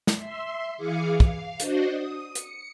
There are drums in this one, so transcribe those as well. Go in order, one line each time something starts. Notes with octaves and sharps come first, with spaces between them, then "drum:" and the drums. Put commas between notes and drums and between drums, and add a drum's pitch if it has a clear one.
drum: snare
E5 C6
E3 G#4 F5 D6 C#7
F5, drum: kick
D4 F#4 C5 D#5, drum: hi-hat
D#6
C#7, drum: hi-hat